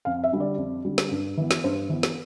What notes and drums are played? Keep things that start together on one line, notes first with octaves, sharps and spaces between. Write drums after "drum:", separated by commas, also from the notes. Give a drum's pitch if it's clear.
F2 F5
E5
D3 G3
D5
F2
D3 G3
drum: snare
G2
E3 B3
drum: snare
G2 C5
E3 B3
drum: snare